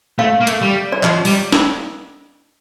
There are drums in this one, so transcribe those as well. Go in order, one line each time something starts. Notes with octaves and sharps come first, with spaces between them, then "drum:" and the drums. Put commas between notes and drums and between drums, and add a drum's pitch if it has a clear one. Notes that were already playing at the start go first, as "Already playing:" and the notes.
A3 F5
A#3
A3, drum: hi-hat
G3
D5
F3 D#5, drum: clap
G3, drum: open hi-hat
drum: snare